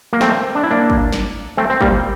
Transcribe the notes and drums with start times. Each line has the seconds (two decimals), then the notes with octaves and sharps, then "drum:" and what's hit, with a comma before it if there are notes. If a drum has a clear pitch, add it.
0.13 A#3
0.21 A3 C4, drum: snare
0.55 D4
0.64 E4
0.71 A#3 D4
0.90 drum: kick
1.12 drum: snare
1.57 A3 C4
1.70 C4
1.81 G3 A#3, drum: kick